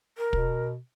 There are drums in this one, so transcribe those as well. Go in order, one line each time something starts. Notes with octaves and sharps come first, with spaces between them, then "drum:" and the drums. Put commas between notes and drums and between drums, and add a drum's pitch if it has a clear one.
A#4
B2, drum: kick